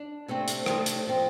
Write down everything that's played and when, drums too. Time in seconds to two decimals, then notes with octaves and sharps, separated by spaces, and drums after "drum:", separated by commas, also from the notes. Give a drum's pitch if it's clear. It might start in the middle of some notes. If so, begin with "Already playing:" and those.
Already playing: D4
0.28 C3 A3 C4
0.48 drum: hi-hat
0.66 C3 A3 C4, drum: rim click
0.86 drum: hi-hat
1.07 F3 C4